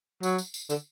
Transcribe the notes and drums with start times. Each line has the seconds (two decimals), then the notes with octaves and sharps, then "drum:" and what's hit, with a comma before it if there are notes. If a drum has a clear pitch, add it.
0.23 F#3, drum: tambourine
0.38 drum: tambourine
0.54 drum: tambourine
0.70 D3, drum: tambourine